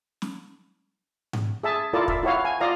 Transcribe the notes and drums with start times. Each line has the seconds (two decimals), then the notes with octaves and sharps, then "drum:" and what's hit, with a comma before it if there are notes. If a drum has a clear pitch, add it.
0.22 drum: snare
1.33 drum: tom G#2
1.63 G#4 E5 A5
1.93 E4 F4 A4 A#4 D5 A5
2.08 E5, drum: kick
2.23 E4 F#4 C#5 F5
2.45 G#5
2.60 F4 D5 D#5 F5 A#5